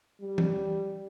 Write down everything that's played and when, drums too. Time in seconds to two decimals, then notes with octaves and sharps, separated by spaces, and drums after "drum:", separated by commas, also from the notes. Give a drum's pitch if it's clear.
0.21 G3
0.38 drum: tom E3